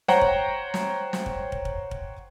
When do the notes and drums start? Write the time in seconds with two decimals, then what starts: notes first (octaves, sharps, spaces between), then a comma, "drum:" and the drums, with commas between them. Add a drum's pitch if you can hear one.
0.08 C5 C#5 F#5 G5 A#5, drum: snare
0.21 drum: kick
0.74 drum: snare
1.13 drum: snare
1.26 drum: kick
1.52 drum: kick
1.65 drum: kick
1.91 drum: kick